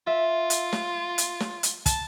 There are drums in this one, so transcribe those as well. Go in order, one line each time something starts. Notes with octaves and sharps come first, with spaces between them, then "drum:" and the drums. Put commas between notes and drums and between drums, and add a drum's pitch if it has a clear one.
F4 E5
drum: hi-hat
drum: snare
drum: hi-hat
drum: snare
drum: hi-hat
A5, drum: kick, hi-hat